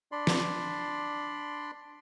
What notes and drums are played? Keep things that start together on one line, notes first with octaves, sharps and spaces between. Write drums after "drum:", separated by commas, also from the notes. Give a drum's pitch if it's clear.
D4 D5 B5 C6
drum: snare